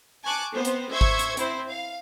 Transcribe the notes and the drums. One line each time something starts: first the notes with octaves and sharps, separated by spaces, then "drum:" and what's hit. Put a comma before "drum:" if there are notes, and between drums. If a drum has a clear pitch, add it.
G#5 A5 C#6 D6 F#6
B3 C4 C5
drum: hi-hat
C5 E5 C#6 E6 G#6
drum: kick G#1
drum: hi-hat
C4 E4 C5, drum: hi-hat
F5